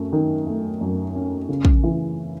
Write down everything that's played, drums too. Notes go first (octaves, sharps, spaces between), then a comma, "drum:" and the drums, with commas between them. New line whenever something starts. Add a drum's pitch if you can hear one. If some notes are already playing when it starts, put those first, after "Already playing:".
Already playing: F#2 A3 C#4
D#3
A3
F#2
C#4
C#3
drum: kick
E3